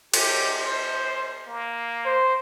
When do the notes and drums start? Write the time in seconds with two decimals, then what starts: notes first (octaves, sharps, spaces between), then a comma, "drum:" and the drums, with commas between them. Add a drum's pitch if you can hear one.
0.14 G4, drum: cymbal
0.60 C5
1.47 A#3
2.05 C5